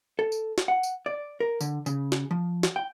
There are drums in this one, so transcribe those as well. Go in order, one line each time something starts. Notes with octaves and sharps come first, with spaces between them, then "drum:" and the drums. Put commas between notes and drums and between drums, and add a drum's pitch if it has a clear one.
A4
drum: tambourine
drum: snare
F#5
drum: tambourine
D5
A#4
D3, drum: tambourine
C#3, drum: tambourine
drum: snare
F3
drum: snare
G5